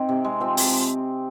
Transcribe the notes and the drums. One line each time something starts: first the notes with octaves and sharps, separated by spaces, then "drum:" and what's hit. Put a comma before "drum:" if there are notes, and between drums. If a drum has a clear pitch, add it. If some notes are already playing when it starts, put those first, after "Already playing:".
Already playing: C4 D#4
C3
G#3
F3 C4
F3, drum: open hi-hat